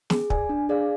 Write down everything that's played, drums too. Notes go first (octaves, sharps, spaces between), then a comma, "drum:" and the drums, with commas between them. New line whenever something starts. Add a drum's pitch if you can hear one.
G#4, drum: snare
D5 G#5, drum: kick
D4
G#4 D5 F5